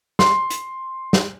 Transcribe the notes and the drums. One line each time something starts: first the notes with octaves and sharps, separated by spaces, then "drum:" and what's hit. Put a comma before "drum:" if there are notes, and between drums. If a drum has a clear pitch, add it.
C6, drum: snare
drum: hi-hat
drum: snare